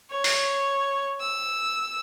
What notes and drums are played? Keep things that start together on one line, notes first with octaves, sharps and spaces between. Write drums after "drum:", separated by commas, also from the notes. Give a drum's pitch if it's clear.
C#5
drum: open hi-hat
E6